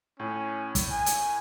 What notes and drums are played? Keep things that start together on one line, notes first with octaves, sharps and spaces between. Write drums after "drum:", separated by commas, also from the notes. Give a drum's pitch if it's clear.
A2 C#4
drum: kick, hi-hat
G#5
drum: hi-hat